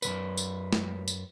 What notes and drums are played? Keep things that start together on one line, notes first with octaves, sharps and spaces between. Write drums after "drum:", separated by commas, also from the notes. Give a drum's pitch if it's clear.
F#2 C3 B4, drum: tambourine
drum: tambourine
drum: snare
drum: tambourine